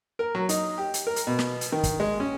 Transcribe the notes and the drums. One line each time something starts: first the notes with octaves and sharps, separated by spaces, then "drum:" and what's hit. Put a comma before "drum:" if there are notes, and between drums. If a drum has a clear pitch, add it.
A#4
F#3
D#4, drum: hi-hat
G4
drum: hi-hat
A#4
drum: hi-hat
B2
drum: snare
drum: hi-hat
D#3
drum: kick, hi-hat
G#3
C#4